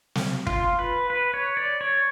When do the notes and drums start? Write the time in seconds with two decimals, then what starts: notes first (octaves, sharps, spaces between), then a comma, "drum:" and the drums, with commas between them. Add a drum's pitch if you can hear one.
0.15 drum: snare
0.47 F4, drum: kick
0.79 B4
1.10 B4
1.34 C#5
1.57 D5
1.81 C#5